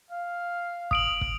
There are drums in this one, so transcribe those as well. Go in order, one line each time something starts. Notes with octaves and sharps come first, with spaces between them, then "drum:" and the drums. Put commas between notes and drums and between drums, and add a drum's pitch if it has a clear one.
F5
D#6 D7 F#7, drum: kick
drum: kick